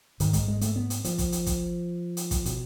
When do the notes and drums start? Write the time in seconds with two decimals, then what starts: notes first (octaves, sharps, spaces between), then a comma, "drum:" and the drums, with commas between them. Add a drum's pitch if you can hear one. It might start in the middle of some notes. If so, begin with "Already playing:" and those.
0.20 G#2 D#3, drum: hi-hat
0.33 G#3, drum: kick, hi-hat
0.48 G#3
0.61 A3, drum: hi-hat
0.76 B3
0.90 drum: hi-hat
1.04 F3, drum: hi-hat
1.18 drum: kick, hi-hat
1.32 drum: hi-hat
1.46 drum: kick, hi-hat
2.17 drum: hi-hat
2.31 drum: kick, hi-hat
2.46 B2, drum: hi-hat